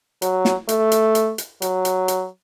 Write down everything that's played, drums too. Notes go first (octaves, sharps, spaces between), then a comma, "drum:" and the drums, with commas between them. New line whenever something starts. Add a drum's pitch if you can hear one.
F#3, drum: hi-hat
drum: snare
A3, drum: hi-hat
drum: hi-hat
drum: hi-hat
drum: hi-hat
F#3, drum: hi-hat
drum: hi-hat
drum: hi-hat